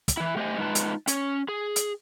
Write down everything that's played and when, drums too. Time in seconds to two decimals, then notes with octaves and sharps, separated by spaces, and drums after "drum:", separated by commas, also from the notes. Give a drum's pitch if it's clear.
0.08 drum: kick, hi-hat
0.17 E3 E4
0.37 A3 G4 C5 C#5 D#5 G#5
0.58 G#3 D#4 F4 B4 A5
0.75 drum: hi-hat
1.07 C#4, drum: hi-hat
1.48 G#4
1.76 drum: hi-hat